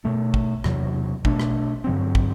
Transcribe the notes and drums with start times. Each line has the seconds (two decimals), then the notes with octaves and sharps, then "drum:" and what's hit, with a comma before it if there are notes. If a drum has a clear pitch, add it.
0.04 B2 A3 D4
0.34 drum: kick
0.64 E2 C3 F#3, drum: rim click
1.25 B2 A3 D4, drum: kick
1.40 drum: rim click
1.84 G2 D3 F#3 C4
2.15 drum: kick